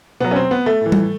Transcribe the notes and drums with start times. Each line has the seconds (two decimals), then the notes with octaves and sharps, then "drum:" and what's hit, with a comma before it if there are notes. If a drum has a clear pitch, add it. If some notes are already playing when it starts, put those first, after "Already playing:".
0.20 B2 F#3 B3
0.31 C#4
0.36 C4
0.51 B3
0.66 A3
0.81 A2 E3
0.92 drum: tom G3